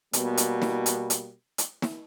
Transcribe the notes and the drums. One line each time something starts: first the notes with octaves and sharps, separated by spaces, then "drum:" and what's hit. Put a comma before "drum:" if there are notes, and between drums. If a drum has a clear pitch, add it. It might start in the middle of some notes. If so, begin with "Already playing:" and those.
B2 G3 A#3 B3, drum: hi-hat
drum: hi-hat
drum: snare
drum: hi-hat
drum: hi-hat
drum: hi-hat
drum: snare